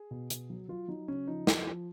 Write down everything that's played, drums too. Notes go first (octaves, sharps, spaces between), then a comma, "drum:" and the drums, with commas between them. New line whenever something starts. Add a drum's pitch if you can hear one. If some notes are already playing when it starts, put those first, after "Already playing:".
Already playing: G#4
B2
B2, drum: hi-hat
F#3
F#3 F4
F#3 D#4
C#3 C#4
F3 D#4
F3, drum: snare
F3